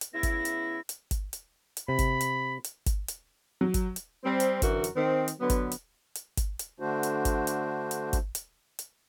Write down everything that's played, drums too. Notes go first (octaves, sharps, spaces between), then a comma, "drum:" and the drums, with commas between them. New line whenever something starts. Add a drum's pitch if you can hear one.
drum: hi-hat
C#3 B3 E4 A#6
drum: kick G#1, hi-hat
drum: hi-hat
drum: hi-hat
drum: kick G#1, hi-hat
drum: hi-hat
drum: hi-hat
C3 B5
drum: kick G#1, hi-hat
drum: hi-hat
drum: hi-hat
drum: kick G#1, hi-hat
drum: hi-hat
F#3
drum: kick G#1, hi-hat
drum: hi-hat
G3 C4
drum: hi-hat
F#2 D3 E3 F#4 A#4, drum: kick G#1, hi-hat
drum: hi-hat
D#3 C4
drum: hi-hat
D3 F#3 B3
drum: kick G#1, hi-hat
drum: hi-hat
drum: hi-hat
drum: kick G#1, hi-hat
drum: hi-hat
D3 A3 D4 F#4 C5
drum: hi-hat
drum: kick G#1, hi-hat
drum: hi-hat
drum: hi-hat
drum: kick G#1, hi-hat
drum: hi-hat
drum: hi-hat